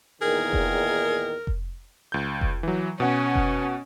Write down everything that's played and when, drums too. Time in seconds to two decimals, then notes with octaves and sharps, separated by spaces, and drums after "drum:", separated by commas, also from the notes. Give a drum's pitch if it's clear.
0.22 E2 A#2 D#3 G#4 A#4
0.53 drum: kick F1
1.47 drum: kick F1
2.12 C#2 G6
2.41 drum: kick F1
2.63 E3 F#3
3.00 B2 C#4 F#5
3.35 drum: kick F1